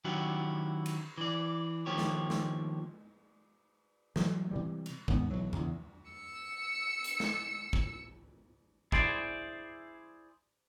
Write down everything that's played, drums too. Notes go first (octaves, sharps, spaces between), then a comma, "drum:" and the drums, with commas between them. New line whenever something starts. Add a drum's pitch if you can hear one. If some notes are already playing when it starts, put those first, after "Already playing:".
D#3 F#3 C#4 E4 F#4 G4
drum: cymbal
E3 D5
D#3 F3 A#3 G4 C#5
drum: snare
drum: snare
E3 F#3 G3 A3, drum: snare
C3 E3 G3
drum: cymbal
D#2 G#2 A#3 B3, drum: kick
B1 E3 F#3
E2 C#3, drum: tom E2
E6 C#7
drum: hi-hat
drum: snare
drum: kick
E4 G#4 C5 D5, drum: kick